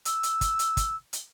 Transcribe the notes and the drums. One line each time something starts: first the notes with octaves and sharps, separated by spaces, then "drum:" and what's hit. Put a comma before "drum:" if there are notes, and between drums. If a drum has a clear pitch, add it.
E6, drum: hi-hat
drum: hi-hat
drum: kick, hi-hat
drum: hi-hat
drum: kick, hi-hat
drum: hi-hat